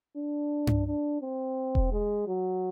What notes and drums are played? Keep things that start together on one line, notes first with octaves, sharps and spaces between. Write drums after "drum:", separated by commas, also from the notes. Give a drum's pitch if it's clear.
D4
drum: tom G2
D4
C4
drum: kick E1
G#3
F#3